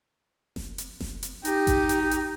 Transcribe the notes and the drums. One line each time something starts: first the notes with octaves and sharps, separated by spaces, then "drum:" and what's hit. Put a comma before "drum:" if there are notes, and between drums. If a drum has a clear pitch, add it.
drum: snare F1
drum: hi-hat
drum: snare F1
drum: hi-hat
D#4 G4, drum: hi-hat
drum: kick A1, hi-hat
drum: hi-hat
drum: hi-hat